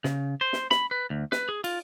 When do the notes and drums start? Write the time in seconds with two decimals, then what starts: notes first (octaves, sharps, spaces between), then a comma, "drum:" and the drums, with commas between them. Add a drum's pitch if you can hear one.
0.04 C#3, drum: snare
0.41 C5
0.53 drum: snare
0.71 B5, drum: snare
0.91 B4
1.10 D2
1.32 B4, drum: snare
1.49 G#4
1.64 F4, drum: cymbal